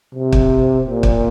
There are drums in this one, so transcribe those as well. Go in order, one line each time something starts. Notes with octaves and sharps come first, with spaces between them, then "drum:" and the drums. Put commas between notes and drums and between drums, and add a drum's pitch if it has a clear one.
C3
drum: kick
A#2
drum: kick